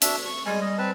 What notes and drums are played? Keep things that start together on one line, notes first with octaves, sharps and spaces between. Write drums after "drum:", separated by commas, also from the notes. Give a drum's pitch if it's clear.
D4 F#4 E5, drum: hi-hat
C#6
G3 G#3 G#5
D#5
C4 B4 A5